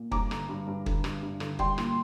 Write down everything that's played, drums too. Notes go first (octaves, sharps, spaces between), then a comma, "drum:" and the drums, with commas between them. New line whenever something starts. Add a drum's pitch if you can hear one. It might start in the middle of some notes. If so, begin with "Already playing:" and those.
Already playing: A#2
G2 A#5 D6, drum: kick
D3, drum: rim click
G2
G2
D3, drum: kick
G2, drum: rim click
G2
D3, drum: rim click
G3 G5 C6, drum: kick
A#2, drum: rim click